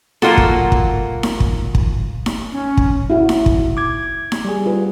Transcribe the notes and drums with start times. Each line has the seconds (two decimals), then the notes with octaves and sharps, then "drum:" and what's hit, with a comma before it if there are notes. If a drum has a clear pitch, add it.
0.22 F#3 A#3 D#4 F4 F#4 A4, drum: snare D#4
0.37 drum: kick
0.72 drum: kick
1.23 drum: snare D#4
1.40 drum: kick
1.75 drum: kick
2.26 drum: snare D#4
2.52 C#4
2.77 drum: kick
3.10 E4 F#4
3.29 drum: snare D#4
3.46 drum: kick
3.77 D6 G#6
4.32 drum: snare D#4
4.45 G3 G#4
4.66 F4 B4